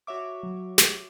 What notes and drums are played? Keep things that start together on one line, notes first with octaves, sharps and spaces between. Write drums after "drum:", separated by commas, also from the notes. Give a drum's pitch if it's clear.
F#4 C#5 E5 D6
F#3
drum: snare